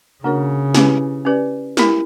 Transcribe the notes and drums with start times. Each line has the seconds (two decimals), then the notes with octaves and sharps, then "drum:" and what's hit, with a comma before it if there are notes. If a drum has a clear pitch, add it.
0.24 C#3 A#3 D4 F#4 A#4 C#5
0.75 C#4 E4 G4 B4, drum: snare
1.25 C#4 G4 B4 D5
1.77 B3 E4 G4 A#4, drum: snare